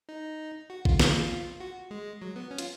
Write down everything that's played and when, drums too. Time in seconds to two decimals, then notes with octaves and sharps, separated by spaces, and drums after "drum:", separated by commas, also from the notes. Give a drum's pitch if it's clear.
0.09 D#4
0.70 F#4
0.85 F4, drum: kick A#1
1.00 F4, drum: snare
1.60 F#4
1.91 G#3
2.22 F#3
2.36 B3
2.51 C#4
2.58 F4, drum: hi-hat